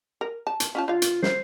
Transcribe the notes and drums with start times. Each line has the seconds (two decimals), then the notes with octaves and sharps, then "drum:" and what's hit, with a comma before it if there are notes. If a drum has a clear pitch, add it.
0.21 A#4
0.47 A5
0.60 drum: hi-hat
0.75 C#4 F4 A5
0.88 D3 F4 F5
1.02 drum: hi-hat
1.23 C5, drum: snare